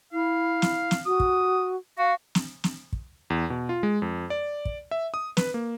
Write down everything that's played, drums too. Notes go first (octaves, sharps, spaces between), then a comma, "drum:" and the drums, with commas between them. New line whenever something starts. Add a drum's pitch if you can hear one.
E4 F5
drum: snare
drum: snare
F#4 D#6
drum: kick
F#4 F5
drum: snare
drum: snare
drum: kick
E2
B2
F4
G#3
F2
D5
drum: kick
E5
D#6
B4, drum: snare
A#3